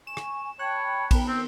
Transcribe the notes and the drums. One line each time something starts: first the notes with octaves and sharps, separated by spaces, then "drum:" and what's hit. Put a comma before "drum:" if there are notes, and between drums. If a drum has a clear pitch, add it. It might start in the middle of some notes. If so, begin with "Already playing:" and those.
G#5 C#6 E7
drum: rim click
C#5 G5 A5 B5 F#6
D#3 B3 A#4, drum: kick, cymbal
C4